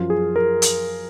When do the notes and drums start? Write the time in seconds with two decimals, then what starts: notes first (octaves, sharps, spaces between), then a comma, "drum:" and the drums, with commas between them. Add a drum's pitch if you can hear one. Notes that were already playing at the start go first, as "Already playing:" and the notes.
Already playing: F#2 F3 F4
0.10 G#4
0.36 A#4
0.62 drum: hi-hat